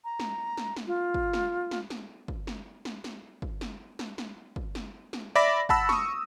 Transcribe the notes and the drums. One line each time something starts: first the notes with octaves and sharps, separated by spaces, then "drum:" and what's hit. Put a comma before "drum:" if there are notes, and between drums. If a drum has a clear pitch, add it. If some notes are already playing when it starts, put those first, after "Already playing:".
A#5
drum: snare
drum: snare
drum: snare
F4
drum: kick
drum: snare
drum: snare
drum: snare
drum: kick
drum: snare
drum: snare
drum: snare
drum: kick
drum: snare
drum: snare
drum: snare
drum: kick
drum: snare
drum: snare
D5 E5 B5 D6 A#6
F#5 A5 B5 E6, drum: kick
C#6 D#6, drum: snare